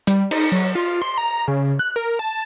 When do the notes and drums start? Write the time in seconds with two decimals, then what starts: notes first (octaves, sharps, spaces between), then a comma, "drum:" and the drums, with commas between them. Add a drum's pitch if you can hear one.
0.07 G3, drum: hi-hat
0.31 D#4, drum: cymbal
0.52 F#3
0.75 F4
1.02 C6
1.18 A#5
1.48 C#3
1.79 F#6
1.96 A#4
2.19 A5